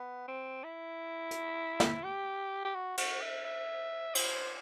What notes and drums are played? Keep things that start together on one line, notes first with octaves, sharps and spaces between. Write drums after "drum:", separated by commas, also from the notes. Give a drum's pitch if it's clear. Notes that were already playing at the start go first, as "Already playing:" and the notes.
Already playing: B3
C4
E4
drum: hi-hat
drum: snare
G4
G4
F#4
F#4, drum: cymbal
E5
E5
C5, drum: cymbal